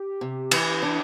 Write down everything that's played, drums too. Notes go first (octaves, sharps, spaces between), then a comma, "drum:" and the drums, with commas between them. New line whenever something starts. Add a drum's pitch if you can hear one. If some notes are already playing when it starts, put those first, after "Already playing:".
Already playing: G4
C3
E3, drum: cymbal
D4